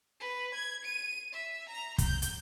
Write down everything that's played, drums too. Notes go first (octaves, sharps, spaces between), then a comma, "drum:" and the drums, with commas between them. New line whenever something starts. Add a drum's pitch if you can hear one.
B4
G#6
D#7
E5
A#5
G6, drum: kick, hi-hat
drum: hi-hat